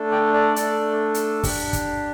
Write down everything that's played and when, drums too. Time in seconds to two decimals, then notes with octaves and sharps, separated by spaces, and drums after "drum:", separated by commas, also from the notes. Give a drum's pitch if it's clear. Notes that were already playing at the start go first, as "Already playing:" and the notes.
Already playing: A3 D4 A4
0.11 D5 G5
0.33 A4 D5
0.56 A3 D4 A4, drum: hi-hat
1.14 drum: hi-hat
1.43 D4 G4, drum: kick, open hi-hat
1.73 drum: kick, hi-hat